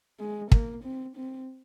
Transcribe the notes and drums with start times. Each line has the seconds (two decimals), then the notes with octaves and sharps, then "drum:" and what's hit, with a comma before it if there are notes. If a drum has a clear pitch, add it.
0.19 G#3
0.52 A#3, drum: kick
0.84 C4
1.16 C4